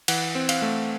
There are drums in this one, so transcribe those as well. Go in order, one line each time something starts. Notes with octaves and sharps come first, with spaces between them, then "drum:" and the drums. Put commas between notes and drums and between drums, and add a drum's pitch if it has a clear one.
E3 F#5, drum: cymbal
C4
F5, drum: cymbal
A3